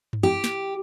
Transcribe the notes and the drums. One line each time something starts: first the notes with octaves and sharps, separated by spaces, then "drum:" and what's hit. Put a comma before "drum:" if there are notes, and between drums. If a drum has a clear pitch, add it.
drum: tom G2
G4
drum: snare